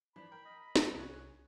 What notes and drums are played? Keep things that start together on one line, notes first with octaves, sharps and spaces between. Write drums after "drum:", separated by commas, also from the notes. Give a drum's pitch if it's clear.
E3 F3 D4 B5
A#4 G5
D#5
drum: snare
C2 G#4 C#5 G#5 F#6